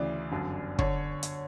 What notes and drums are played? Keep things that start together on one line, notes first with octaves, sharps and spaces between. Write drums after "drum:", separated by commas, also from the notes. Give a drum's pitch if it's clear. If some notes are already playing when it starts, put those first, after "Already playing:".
Already playing: D2 C#3 E3 D5
G1 F#2 D3
D3 C#5, drum: kick
drum: hi-hat